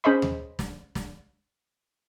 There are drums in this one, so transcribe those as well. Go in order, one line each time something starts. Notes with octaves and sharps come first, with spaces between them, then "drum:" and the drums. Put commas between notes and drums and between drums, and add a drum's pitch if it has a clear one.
C#4 G#4 C5 D#5 B5
drum: tom D#2
drum: snare
drum: snare